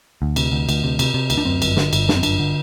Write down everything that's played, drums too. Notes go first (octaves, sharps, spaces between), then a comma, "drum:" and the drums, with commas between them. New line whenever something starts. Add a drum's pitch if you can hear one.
D2
C3, drum: cymbal
D2
D2, drum: cymbal
C3
C3, drum: cymbal
C3
D2, drum: cymbal
D4
F#2 C4
G1, drum: cymbal
D3, drum: snare
G1, drum: cymbal
F#2 D4, drum: snare
C4
G1 D4, drum: cymbal
D3